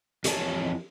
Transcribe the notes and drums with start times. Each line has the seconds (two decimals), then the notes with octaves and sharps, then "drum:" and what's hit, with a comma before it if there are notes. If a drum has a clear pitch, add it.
0.24 F2 E3 C#5 D#5 G#5 A5, drum: hi-hat